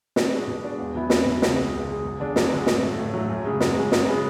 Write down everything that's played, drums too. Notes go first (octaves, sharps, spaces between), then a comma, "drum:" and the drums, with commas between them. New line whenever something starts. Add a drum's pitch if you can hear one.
B2, drum: snare
G#3 D4 F#4 B4
B2
G#3 D4 F#4 B4
E2
B2 F#3 B3 E4
E2, drum: snare
B2 F#3 B3 E4
C#2, drum: snare
B2 G#3
C#2
B2 G#3
F#2
D3 G#3 D4
F#2, drum: snare
D3 G#3 D4
A2, drum: snare
F#3 A3
A2
F#3 A3
F#2
C#3 G#3
F#2, drum: snare
C#3 G#3
F#2, drum: snare
C#3 G#3 B3